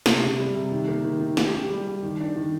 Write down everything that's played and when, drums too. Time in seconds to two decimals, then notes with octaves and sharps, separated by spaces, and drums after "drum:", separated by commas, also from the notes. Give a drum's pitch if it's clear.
0.06 C3, drum: snare
0.22 C3
0.39 G3
0.55 C3
0.71 D#3
0.88 A#3
1.04 D#3
1.21 D#3
1.37 G4, drum: snare
1.54 G4
1.70 G3
1.87 G4
2.03 D#3
2.20 D4
2.36 D#3